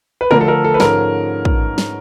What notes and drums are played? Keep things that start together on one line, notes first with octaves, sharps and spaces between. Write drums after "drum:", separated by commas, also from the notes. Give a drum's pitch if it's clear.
B4
D3 F3 A3 D4 A#4, drum: tom
A4
A#4
A4
B4
G#2 F3 G#3 C#4 A#4, drum: snare
drum: kick
drum: snare